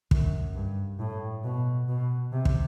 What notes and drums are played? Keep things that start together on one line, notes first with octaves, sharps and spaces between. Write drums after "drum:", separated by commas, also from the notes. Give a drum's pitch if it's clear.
F#2, drum: kick
G2
A2
B2
B2
C3
drum: kick